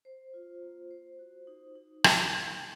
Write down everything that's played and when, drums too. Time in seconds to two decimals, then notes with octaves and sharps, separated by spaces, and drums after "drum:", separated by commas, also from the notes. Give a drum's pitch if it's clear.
0.05 C5
0.34 F4
0.62 A#3
0.91 C5
1.19 F#4
1.47 D#4
1.76 D#4
2.04 A#3, drum: rim click
2.33 F#3